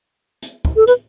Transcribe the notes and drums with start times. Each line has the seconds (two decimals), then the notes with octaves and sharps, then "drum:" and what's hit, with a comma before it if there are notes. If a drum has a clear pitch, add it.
0.42 drum: hi-hat
0.65 drum: kick
0.76 A4
0.87 B4, drum: hi-hat